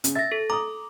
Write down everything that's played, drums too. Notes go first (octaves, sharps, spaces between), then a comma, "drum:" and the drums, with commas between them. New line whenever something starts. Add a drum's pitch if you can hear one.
C#3, drum: hi-hat
E5 A6 A#6
A4
A#5 D6 D#6